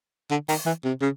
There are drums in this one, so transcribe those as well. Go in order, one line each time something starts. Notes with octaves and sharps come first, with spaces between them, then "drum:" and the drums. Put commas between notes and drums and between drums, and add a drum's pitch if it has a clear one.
D3
D#3, drum: open hi-hat
E3
C3
C#3